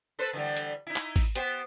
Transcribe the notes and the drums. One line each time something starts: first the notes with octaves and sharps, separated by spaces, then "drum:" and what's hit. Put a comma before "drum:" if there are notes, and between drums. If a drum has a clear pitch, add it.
A4 B4 C5
D3 E3 G3
drum: hi-hat
D#4 E4
drum: clap
drum: kick G#1, open hi-hat
B3 G4 C5, drum: hi-hat